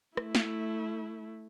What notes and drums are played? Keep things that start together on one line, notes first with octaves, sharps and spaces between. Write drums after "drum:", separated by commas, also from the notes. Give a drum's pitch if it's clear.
A3 E4, drum: rim click
drum: snare